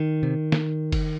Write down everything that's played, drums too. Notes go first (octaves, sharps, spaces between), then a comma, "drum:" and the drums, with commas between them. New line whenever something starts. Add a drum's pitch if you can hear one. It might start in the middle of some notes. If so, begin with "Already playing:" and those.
Already playing: D#3
C3
drum: snare
drum: kick F#1, cymbal